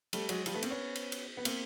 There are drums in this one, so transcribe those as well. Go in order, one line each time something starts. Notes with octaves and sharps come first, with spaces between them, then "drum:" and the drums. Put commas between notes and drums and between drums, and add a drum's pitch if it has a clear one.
G3 A3, drum: cymbal
F#3 G#3, drum: cymbal
F3 G3, drum: cymbal
A3 B3
A#3 C4, drum: cymbal
B3 C#4
drum: cymbal
drum: cymbal
B3
A#3 C4, drum: cymbal